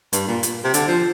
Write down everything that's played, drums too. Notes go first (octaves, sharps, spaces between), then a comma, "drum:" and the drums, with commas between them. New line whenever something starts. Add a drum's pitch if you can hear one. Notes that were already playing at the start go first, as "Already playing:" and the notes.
G2, drum: hi-hat
A#2
drum: hi-hat
C3
D3, drum: hi-hat
F3